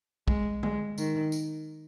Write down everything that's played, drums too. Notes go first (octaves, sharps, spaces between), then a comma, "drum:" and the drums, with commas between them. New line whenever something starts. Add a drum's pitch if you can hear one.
G#3, drum: kick
G#3, drum: tom D3
D#3, drum: tambourine
drum: tambourine